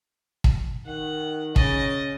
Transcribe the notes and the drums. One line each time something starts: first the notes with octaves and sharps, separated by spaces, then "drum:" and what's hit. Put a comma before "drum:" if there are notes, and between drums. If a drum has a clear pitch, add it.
drum: kick
D#3 F#5
C#3 C#4 D#5 A6, drum: kick